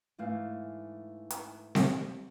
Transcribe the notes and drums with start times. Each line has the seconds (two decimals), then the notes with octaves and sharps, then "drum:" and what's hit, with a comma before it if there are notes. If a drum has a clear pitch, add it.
0.18 G#2 E3 A3 F5
1.31 drum: hi-hat
1.75 drum: snare C4